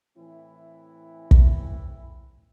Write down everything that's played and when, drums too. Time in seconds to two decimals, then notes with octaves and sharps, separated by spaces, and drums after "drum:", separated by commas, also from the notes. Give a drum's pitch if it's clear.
0.17 A2 E3 C4 E4
1.31 drum: kick